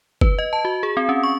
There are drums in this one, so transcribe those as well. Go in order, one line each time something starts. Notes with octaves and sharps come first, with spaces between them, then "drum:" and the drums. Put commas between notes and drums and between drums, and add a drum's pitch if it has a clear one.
B4, drum: kick
D#5
A5
F#4
G#4
C4
C#4
C#6